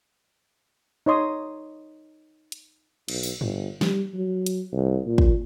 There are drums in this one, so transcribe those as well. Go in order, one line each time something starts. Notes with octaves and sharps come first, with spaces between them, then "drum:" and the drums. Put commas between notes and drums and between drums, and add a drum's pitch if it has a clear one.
D#4 C#5 D#5 C6 D#6
drum: hi-hat
B1, drum: cymbal
drum: tambourine
G1, drum: tom G#2
G3, drum: snare
F#3
drum: hi-hat
C2
A#2
drum: kick